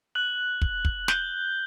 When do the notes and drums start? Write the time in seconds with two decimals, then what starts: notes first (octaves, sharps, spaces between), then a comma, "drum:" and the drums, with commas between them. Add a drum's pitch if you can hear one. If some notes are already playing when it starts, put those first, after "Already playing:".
0.15 F#6 F#7
0.62 drum: kick
0.85 drum: kick
1.08 G6 G7, drum: snare